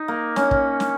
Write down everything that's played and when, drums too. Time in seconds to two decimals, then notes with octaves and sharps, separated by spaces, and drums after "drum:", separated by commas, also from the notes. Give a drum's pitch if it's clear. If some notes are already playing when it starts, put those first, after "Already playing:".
Already playing: D#4
0.08 A#3
0.36 C#4, drum: snare
0.51 drum: kick
0.80 drum: snare